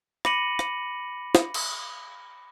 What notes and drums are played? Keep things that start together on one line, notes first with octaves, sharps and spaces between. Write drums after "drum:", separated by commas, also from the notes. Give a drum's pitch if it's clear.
B5 D6 A#6 C#7 D#7 F#7, drum: rim click
drum: rim click
drum: snare
drum: cymbal